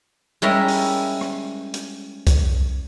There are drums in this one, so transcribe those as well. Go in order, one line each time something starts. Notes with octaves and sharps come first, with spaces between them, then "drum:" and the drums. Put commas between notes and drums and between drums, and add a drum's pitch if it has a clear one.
G3 G#3 C#4 E4 A#4 E5
drum: open hi-hat
drum: rim click
drum: hi-hat
drum: kick C2, hi-hat